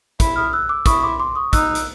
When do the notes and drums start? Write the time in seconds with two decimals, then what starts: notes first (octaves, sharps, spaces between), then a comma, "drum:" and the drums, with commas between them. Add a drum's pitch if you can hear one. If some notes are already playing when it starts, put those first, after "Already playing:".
0.20 E4, drum: kick, hi-hat
0.36 D#6 F6
0.53 E6 F#6
0.69 D6 E6
0.86 E4 C#6 D#6, drum: kick, hi-hat
1.03 C6 D6
1.19 C6 D6
1.35 C#6 D#6
1.53 D#4 E6 F#6, drum: kick, hi-hat
1.75 drum: hi-hat